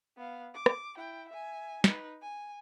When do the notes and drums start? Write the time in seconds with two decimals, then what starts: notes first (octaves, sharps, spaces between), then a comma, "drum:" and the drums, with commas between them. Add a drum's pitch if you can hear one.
0.17 B3 F5
0.55 D6
0.66 drum: rim click
0.97 E4 G5
1.30 E5 G#5
1.84 D#4 B4, drum: snare
2.22 G#5